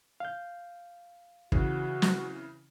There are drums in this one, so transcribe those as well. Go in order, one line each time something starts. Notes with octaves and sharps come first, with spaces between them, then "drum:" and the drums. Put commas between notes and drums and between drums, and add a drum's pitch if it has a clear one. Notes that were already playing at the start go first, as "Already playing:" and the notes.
F5 G6
C#3 E3 F#4, drum: kick
drum: snare